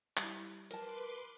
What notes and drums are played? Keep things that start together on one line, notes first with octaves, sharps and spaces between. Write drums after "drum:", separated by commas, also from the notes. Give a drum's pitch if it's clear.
G3 E4, drum: clap
A#4 B4 A5 C6 D6, drum: hi-hat